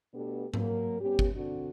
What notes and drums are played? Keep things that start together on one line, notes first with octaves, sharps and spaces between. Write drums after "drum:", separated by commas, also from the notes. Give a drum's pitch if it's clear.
B2 A3 B3 D4 G4 A4
F#3 A#3 A#4, drum: tom G#2
G3 B3 C#4 G4
drum: kick G1
D3 C4 D4 F#4